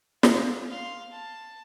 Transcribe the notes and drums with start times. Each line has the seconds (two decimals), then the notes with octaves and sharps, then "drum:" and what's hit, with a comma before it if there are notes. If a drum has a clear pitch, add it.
0.23 F4, drum: snare
0.67 F5 C6
1.11 A5